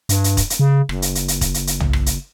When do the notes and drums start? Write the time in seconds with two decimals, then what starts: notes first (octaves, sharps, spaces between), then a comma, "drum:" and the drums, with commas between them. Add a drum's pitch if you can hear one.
0.09 G2, drum: hi-hat
0.24 drum: hi-hat
0.37 drum: kick, hi-hat
0.50 drum: hi-hat
0.59 C#3
0.89 F#1, drum: rim click
1.02 drum: hi-hat
1.15 drum: hi-hat
1.28 drum: hi-hat
1.41 drum: kick, hi-hat
1.54 drum: hi-hat
1.67 drum: hi-hat
1.80 drum: tom
1.93 drum: rim click
2.06 drum: hi-hat